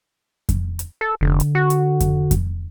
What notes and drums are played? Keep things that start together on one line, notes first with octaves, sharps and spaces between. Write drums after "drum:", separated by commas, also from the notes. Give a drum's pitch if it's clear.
drum: kick F2, hi-hat
drum: hi-hat
A4
F1 D3
drum: hi-hat
F#4
drum: hi-hat
drum: kick F2, hi-hat
drum: kick F2, hi-hat